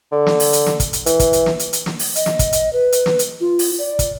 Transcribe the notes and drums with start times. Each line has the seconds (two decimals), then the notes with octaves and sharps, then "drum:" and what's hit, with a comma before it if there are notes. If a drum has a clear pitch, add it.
0.12 D3
0.26 drum: snare
0.40 drum: open hi-hat
0.53 drum: hi-hat
0.66 drum: snare
0.80 drum: kick, hi-hat
0.93 drum: hi-hat
1.06 E3, drum: hi-hat
1.20 drum: kick, hi-hat
1.33 drum: hi-hat
1.46 drum: snare
1.59 drum: hi-hat
1.73 drum: hi-hat
1.86 drum: snare
1.99 drum: open hi-hat
2.16 D#5, drum: hi-hat
2.26 drum: snare
2.39 drum: kick, hi-hat
2.53 drum: hi-hat
2.73 B4
2.92 drum: hi-hat
3.06 drum: snare
3.19 drum: hi-hat
3.41 F4
3.59 drum: open hi-hat
3.79 D5
3.99 drum: kick, hi-hat